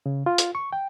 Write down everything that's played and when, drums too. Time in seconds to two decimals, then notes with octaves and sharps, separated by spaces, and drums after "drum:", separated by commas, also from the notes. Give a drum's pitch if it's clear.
0.06 C#3
0.26 F4
0.38 drum: hi-hat
0.55 C#6
0.73 G5